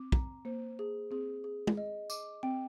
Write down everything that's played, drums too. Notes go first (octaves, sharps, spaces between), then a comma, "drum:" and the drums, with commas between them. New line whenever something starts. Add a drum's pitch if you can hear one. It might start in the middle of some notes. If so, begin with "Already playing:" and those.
Already playing: C4 D6
A#5, drum: kick
A#3 C5
G#4
C4 G#4
G#4
drum: tom
D#5
D6, drum: tambourine
C4 G5